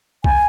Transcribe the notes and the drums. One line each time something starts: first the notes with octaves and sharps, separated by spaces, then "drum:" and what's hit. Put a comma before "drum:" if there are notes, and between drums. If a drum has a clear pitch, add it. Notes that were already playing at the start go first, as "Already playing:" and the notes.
G#5, drum: kick B1